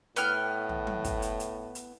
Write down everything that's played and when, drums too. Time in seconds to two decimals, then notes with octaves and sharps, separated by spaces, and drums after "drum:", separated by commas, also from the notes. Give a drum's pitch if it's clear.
0.16 A2 B3 G5 F6, drum: hi-hat
0.69 drum: tom
0.87 drum: tom F#3
1.04 drum: kick, hi-hat
1.22 drum: hi-hat
1.40 drum: hi-hat
1.75 drum: hi-hat